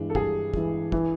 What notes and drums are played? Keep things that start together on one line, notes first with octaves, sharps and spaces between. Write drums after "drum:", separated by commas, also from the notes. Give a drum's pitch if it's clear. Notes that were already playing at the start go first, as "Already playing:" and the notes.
Already playing: G2 E3 G#3 D4
A4
G2 G#4, drum: kick
E3 G#3, drum: kick
E3, drum: kick